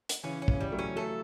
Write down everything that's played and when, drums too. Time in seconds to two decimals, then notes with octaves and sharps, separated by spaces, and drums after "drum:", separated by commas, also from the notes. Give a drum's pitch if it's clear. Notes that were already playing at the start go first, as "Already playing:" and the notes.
0.09 drum: hi-hat
0.23 C#3 E3 C#4
0.42 C#4
0.48 C#3 E3, drum: kick
0.61 G3
0.72 F#3 A3
0.79 C#4
0.96 F#3 A3 A4